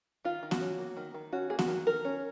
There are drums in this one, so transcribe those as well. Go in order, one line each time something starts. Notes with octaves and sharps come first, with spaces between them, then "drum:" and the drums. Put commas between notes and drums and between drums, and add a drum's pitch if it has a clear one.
D#3 F4
D#3
F#4, drum: snare B3
C#4
A#3
D#3
D#3
C#4 F#4
A#3 G#4
F#4, drum: snare B3
D#3
D#3 A#4
C#4